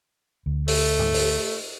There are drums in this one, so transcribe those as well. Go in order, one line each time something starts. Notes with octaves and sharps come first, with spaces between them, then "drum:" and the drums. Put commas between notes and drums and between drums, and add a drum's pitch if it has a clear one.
D2
A3, drum: open hi-hat
drum: tom G#2
drum: open hi-hat